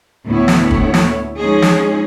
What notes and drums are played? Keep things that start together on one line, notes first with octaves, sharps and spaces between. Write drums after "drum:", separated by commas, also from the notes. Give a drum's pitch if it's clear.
D2 A2 A3 B3 E4 C#5
drum: snare
drum: kick
drum: snare
F3 G#3 C#4 D#4 G#4
drum: snare